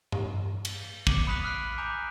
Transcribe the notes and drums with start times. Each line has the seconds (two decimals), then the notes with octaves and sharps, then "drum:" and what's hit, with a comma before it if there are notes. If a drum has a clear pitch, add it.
0.12 drum: tom G2
0.65 drum: cymbal
1.07 D6 C#7 D#7 F#7, drum: kick
1.27 B5 D#6 F#6 B6 F#7
1.44 F6 F#6 C7 D7
1.78 G#5 A#5 D6 G6 B6 F7